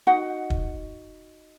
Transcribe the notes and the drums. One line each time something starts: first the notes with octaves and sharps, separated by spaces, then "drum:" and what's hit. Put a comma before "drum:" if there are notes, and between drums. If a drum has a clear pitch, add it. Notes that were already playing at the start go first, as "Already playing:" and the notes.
D#4 F#4 F#5
drum: kick